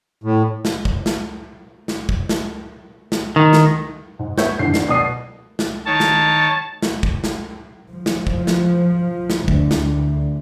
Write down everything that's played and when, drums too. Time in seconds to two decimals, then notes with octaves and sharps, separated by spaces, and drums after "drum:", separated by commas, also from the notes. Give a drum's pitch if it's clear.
0.23 A2
0.65 drum: snare
0.85 drum: kick
1.06 drum: snare
1.88 drum: snare
2.09 drum: kick
2.29 drum: snare
3.12 drum: snare
3.36 D#3
3.53 drum: snare
4.19 G#2
4.38 B3 C#5 E5 G6, drum: snare
4.59 G#1 D3 E3 C7
4.74 D#3 D4, drum: snare
4.88 B2 D5 D#6 C7
5.59 drum: snare
5.86 D#3 C#5 A5
6.00 drum: snare
6.82 drum: snare
7.03 drum: kick
7.24 drum: snare
7.94 F3
8.06 drum: snare
8.27 drum: kick
8.47 drum: snare
9.30 drum: snare
9.48 D2, drum: kick
9.71 drum: snare
9.82 D2